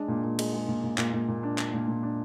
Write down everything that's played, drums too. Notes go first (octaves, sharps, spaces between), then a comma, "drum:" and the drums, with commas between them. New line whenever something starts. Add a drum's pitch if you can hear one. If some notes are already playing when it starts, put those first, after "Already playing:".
Already playing: G#3 D4
A#2
A#2
G#3, drum: cymbal
G#3
A#2
A#2
A#2, drum: clap
A#2
A#2
D4
D4, drum: clap
A#2
A#2
D4